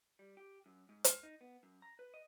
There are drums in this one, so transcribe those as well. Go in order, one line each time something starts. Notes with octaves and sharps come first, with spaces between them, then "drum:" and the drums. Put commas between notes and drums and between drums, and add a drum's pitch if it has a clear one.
G3
G4
F#2
G#2
drum: hi-hat
D#4
B3
F#2
A#5
B4
D#5